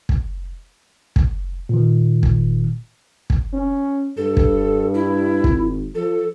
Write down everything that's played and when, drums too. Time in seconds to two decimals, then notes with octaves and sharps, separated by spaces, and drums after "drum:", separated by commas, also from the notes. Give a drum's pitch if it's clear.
0.09 drum: kick
1.16 drum: kick
1.69 A#2 D#3
2.23 drum: kick
3.30 drum: kick
3.53 C#4
4.17 G2 A4
4.37 drum: kick
4.94 E4
5.44 G#1, drum: kick
5.95 F3 A4